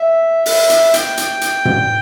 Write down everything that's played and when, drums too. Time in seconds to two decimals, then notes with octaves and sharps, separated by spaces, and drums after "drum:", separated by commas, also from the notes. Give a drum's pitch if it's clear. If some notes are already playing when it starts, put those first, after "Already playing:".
Already playing: E5
0.46 E5, drum: open hi-hat
0.70 drum: hi-hat
0.94 G5, drum: hi-hat
1.17 drum: hi-hat
1.41 drum: hi-hat
1.65 drum: tom